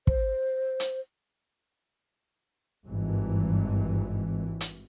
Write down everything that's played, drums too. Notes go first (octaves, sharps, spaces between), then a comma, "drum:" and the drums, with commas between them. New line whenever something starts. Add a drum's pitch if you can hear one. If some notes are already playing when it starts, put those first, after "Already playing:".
C5, drum: kick
drum: hi-hat
G#1 G2 E3
drum: hi-hat